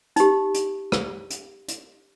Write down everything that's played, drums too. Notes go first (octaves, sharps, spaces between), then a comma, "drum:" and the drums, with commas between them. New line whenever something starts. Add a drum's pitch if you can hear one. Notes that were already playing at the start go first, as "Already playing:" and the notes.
D#4 G4, drum: hi-hat
drum: hi-hat
drum: rim click
drum: hi-hat
drum: hi-hat